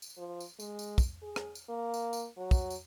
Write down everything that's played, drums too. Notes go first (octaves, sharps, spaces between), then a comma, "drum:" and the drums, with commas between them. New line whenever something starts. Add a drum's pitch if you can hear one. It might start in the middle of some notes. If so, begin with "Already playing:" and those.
drum: tambourine
F3
drum: tambourine
G#3, drum: tambourine
drum: tambourine
drum: kick, tambourine
G#4
drum: rim click
drum: tambourine
A#3
drum: tambourine
drum: tambourine
F#3
drum: kick, tambourine
drum: tambourine